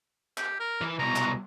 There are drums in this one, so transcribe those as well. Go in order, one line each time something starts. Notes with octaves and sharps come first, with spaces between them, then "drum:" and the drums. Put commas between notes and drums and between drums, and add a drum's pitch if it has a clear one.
G4, drum: clap
A#4
E3 B4
C2 B2 A#5
drum: clap